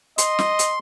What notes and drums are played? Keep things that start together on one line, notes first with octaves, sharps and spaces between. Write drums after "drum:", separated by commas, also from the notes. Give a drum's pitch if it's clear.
D#5 C6, drum: hi-hat
drum: snare
drum: hi-hat